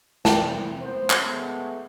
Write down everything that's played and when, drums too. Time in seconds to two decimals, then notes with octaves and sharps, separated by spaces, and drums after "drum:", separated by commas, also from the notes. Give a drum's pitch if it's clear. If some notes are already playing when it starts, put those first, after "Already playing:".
0.25 E3 C4 D5 G5 A5, drum: snare
0.81 B3 C4 C5
1.10 drum: clap
1.23 G#3 A3 B3